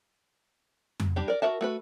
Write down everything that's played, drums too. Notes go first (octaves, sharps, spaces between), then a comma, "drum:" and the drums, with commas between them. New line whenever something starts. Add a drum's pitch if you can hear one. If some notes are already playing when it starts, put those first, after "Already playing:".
drum: tom F2
G3 D4 G4
A#4 D5
F#4 A#4 E5 A5
A3 F#4 B4